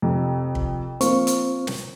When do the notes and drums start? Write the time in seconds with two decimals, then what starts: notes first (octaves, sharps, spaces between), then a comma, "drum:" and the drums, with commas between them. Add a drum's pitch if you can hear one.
0.02 F2 C3
0.55 drum: kick
1.01 F3 A#3 C4 F4 C5 C#6, drum: hi-hat
1.27 drum: hi-hat
1.67 drum: snare